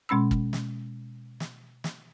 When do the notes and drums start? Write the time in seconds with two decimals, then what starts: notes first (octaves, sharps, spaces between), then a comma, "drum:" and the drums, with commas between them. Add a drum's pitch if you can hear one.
0.09 B2 G#3 C#4 B5 E6
0.31 drum: kick
0.53 drum: snare
1.40 drum: snare
1.84 drum: snare